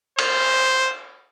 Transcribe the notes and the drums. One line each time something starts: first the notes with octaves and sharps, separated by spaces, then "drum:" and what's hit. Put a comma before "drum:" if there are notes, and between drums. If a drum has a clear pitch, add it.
C5, drum: cymbal